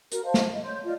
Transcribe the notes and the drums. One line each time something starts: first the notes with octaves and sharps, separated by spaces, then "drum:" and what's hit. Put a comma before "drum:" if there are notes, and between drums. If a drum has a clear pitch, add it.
F#4 A#4, drum: hi-hat
C5 D#5 F5 A5
drum: snare
D#5
C#5 C6 G6
F4 D5 D#5